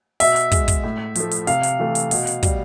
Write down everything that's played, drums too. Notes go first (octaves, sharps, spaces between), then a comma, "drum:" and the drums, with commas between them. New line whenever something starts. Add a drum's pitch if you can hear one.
B2 E5, drum: open hi-hat
drum: hi-hat
G#3, drum: kick, hi-hat
drum: kick, hi-hat
A2
F3 A3, drum: hi-hat
drum: hi-hat
C3 F5, drum: hi-hat
drum: hi-hat
E3 A3
drum: hi-hat
B2, drum: open hi-hat
drum: hi-hat
G3, drum: kick, hi-hat